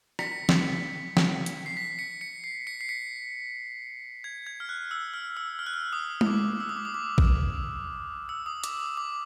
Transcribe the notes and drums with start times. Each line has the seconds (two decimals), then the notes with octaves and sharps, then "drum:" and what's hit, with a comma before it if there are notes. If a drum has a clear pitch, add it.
0.19 B6 C#7, drum: rim click
0.49 drum: snare
1.17 drum: snare
1.46 drum: hi-hat
1.66 C7
1.77 B6
1.99 B6 C#7
2.21 B6 C#7
2.44 C7
2.67 B6 C#7
2.81 C7
2.89 B6 C#7
4.24 G#6
4.47 G#6
4.60 F6
4.69 F#6
4.91 E6
5.14 F6
5.37 E6
5.59 F6
5.66 F#6
5.74 F6
5.93 D#6
6.21 D#6, drum: tom G#3
6.27 D6
6.60 E6
6.69 D#6
6.76 D6
6.85 D#6
6.94 D6
7.18 drum: kick
8.29 E6
8.46 D#6
8.64 D6, drum: hi-hat
8.80 D#6
8.97 D6